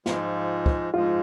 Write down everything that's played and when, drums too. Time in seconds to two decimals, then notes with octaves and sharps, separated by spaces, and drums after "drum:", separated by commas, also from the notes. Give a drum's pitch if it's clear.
0.06 G#2 F3 G#3 F4, drum: snare
0.66 drum: kick
0.93 G#2 F3 G#3 F4